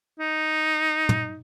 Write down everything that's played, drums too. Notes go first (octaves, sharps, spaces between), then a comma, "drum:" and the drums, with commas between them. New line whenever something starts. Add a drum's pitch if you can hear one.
D#4
drum: tom